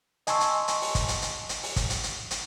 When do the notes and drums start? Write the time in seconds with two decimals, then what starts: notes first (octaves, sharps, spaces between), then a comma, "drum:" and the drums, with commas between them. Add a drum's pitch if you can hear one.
0.27 D#5 G#5 A5 C6 C#6 E6, drum: hi-hat
0.41 drum: hi-hat
0.68 drum: hi-hat
0.81 drum: open hi-hat
0.95 drum: kick, hi-hat
1.08 drum: hi-hat
1.22 drum: hi-hat
1.49 drum: hi-hat
1.63 drum: open hi-hat
1.76 drum: kick, hi-hat
1.90 drum: hi-hat
2.03 drum: hi-hat
2.31 drum: hi-hat